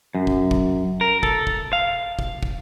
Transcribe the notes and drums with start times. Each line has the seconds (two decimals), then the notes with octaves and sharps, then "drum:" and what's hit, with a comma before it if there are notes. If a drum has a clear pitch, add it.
0.15 F#2
0.27 drum: kick
0.51 drum: kick
1.01 A#4
1.23 A4, drum: kick
1.47 drum: kick
1.73 F5
2.19 drum: kick
2.43 drum: kick